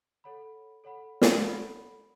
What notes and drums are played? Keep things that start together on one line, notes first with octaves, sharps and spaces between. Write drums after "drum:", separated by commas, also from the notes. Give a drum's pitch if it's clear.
A4 C#5 F#5 B5
A4 C#5 F#5 B5
drum: snare
A4 C#5 F#5 B5